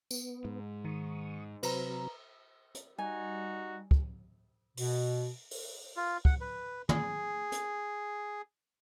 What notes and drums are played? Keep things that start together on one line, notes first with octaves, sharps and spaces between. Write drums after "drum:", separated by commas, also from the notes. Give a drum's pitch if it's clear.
B3, drum: tambourine
G#2
D#3 C#6 D#6
C3 F#3 B4 C5 A#5, drum: cymbal
drum: hi-hat
G3 D#4 F#4 G#5
drum: kick
B2, drum: open hi-hat
drum: open hi-hat
F4
F#5, drum: kick
B4
G#4, drum: tom
drum: hi-hat